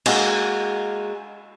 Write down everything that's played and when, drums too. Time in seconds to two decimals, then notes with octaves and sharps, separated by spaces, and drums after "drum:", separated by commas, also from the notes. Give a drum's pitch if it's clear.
0.06 G#3 A#3 F#4, drum: cymbal